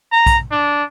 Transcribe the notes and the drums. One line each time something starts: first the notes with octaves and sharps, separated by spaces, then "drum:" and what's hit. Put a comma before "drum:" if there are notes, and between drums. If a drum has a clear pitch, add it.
A#5
drum: kick A#1, hi-hat
D4